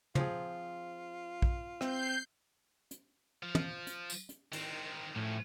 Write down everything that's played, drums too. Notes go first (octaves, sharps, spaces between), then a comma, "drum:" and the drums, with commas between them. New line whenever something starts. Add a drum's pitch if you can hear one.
F3 C4 F4 G#4, drum: tom
drum: kick A#1
C4 G6 C7, drum: rim click
drum: hi-hat
F3
drum: tom
drum: hi-hat
drum: tambourine
drum: hi-hat
D#3 C4, drum: cymbal
A2 F3 C#4